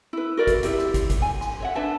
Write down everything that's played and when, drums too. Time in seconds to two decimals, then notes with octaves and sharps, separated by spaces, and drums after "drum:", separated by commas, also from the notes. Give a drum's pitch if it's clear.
0.13 E4 B4
0.37 F#4 A#4 D5 E5
0.47 drum: kick, hi-hat
0.63 E4 G4 E5, drum: hi-hat
0.79 drum: rim click
0.94 drum: kick, hi-hat
1.10 drum: kick, hi-hat
1.22 G#5
1.41 drum: rim click
1.60 C#5 E5 F#5
1.75 D4 B4 E5 A5